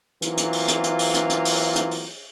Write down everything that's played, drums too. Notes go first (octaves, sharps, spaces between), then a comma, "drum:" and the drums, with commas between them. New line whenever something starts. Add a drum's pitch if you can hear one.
E3 F#3 A#3 C4 F4, drum: hi-hat
drum: hi-hat
drum: open hi-hat
drum: hi-hat
drum: hi-hat
drum: open hi-hat
drum: hi-hat
drum: hi-hat
drum: open hi-hat
drum: hi-hat
drum: open hi-hat